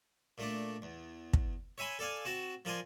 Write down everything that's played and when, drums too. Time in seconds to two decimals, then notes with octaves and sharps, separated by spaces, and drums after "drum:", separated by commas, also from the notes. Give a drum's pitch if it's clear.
0.38 A#2 A3 D4
0.82 E2
1.33 drum: kick
1.78 C#5 E5 G#5 B5 C6
1.99 A4 D5 F5 G#5
2.25 C4 F#4 A5
2.65 F3 A#4 D5 G#5 C6